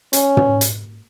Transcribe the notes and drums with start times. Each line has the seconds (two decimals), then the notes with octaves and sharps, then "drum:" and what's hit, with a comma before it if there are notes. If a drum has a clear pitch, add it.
0.13 C#4, drum: hi-hat
0.37 drum: tom
0.61 drum: hi-hat